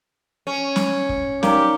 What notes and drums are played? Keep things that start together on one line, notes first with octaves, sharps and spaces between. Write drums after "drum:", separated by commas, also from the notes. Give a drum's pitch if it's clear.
C#4
drum: snare
drum: kick
D#4 G4 A#4 D5 F5, drum: snare